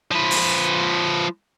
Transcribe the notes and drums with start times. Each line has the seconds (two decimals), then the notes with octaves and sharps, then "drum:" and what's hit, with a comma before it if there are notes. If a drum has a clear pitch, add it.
0.11 F3 B4
0.31 drum: open hi-hat